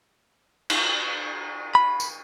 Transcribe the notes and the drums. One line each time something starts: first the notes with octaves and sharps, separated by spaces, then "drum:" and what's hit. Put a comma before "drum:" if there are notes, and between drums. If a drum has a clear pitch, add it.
drum: cymbal
B5
drum: tambourine